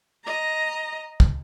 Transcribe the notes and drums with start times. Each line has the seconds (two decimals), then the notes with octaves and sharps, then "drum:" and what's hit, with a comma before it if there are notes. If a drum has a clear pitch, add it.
0.25 D#5 A#5
1.20 drum: kick